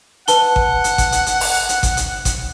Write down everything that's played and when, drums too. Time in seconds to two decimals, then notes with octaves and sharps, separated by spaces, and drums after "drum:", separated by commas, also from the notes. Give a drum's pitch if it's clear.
0.28 B4 F#5 A5 G7, drum: hi-hat
0.56 drum: kick G#1
0.84 drum: hi-hat
0.98 drum: kick G#1, hi-hat
1.12 drum: hi-hat
1.26 drum: hi-hat
1.41 drum: open hi-hat
1.69 drum: hi-hat
1.83 drum: kick G#1, hi-hat
1.97 drum: hi-hat
2.25 drum: kick G#1, hi-hat